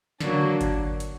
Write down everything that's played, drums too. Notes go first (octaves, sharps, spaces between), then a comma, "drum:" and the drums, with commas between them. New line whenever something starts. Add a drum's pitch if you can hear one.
D3 F#3 A#3 D4, drum: snare
drum: kick G1, hi-hat
drum: hi-hat